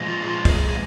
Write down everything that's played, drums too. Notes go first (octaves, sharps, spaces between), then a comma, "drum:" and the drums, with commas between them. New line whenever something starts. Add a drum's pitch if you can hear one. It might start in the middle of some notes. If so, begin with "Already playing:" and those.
Already playing: A#2 F3 G#3
F4
G#4
F4
G#4, drum: kick, open hi-hat
G#4